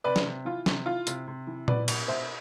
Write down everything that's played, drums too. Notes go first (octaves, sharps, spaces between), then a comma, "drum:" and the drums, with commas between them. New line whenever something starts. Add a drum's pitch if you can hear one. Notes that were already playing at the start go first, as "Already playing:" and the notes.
C3 B4 D5
drum: snare
C3
E3 F4
C3, drum: snare
E3 F4
C3, drum: hi-hat
C3
E3
B2 B4 D5, drum: tom A#2
B2, drum: cymbal
B2 C5 E5